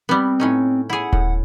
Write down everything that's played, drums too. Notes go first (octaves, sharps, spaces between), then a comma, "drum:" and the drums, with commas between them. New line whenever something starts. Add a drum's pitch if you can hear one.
G3 B3 C4
A2 C#4 D#4
E4 G#4 F#5
A2, drum: kick D#1